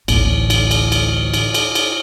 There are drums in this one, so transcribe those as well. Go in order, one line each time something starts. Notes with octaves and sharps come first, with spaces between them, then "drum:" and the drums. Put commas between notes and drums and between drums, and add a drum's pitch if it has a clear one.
A1 D2, drum: cymbal
drum: cymbal
drum: cymbal
drum: cymbal
drum: cymbal
drum: cymbal
drum: cymbal